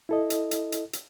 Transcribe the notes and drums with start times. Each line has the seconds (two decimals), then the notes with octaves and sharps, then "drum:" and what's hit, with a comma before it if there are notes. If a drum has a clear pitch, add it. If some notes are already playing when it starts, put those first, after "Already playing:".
0.09 E4 A4 D#5
0.30 drum: hi-hat
0.51 drum: hi-hat
0.72 drum: hi-hat
0.93 drum: hi-hat